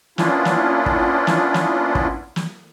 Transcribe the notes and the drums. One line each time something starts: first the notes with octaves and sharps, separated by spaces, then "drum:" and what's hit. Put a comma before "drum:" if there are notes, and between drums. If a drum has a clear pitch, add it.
A#3 B3 C#4 D4 E4 F4, drum: snare
drum: snare
drum: kick
drum: snare
drum: snare
drum: kick
drum: snare